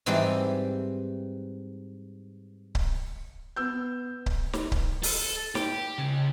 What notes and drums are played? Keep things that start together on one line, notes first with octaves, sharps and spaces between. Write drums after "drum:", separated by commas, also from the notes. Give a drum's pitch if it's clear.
G#2 E3 G3 C4 E4 G4
drum: kick C#1
B3 E6 G6
drum: kick C#1
drum: snare
drum: kick C#1
A4, drum: open hi-hat
G4, drum: snare
C#2 C#3